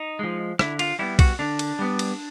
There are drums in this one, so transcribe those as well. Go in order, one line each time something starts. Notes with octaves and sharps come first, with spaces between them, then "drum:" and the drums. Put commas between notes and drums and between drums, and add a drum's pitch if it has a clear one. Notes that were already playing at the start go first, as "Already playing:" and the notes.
Already playing: D#4
F3 G#3
D3 E4, drum: rim click
F4, drum: cymbal
G3 B3 E4
F#4, drum: kick B1, cymbal
D3 D4
drum: cymbal
G3 B3
drum: cymbal